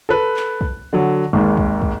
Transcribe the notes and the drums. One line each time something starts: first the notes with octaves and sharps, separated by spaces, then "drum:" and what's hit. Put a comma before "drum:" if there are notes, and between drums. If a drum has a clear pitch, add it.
A4 B4
drum: clap
drum: kick
D3 F#3
G#1 D#2 G#2
drum: kick
drum: kick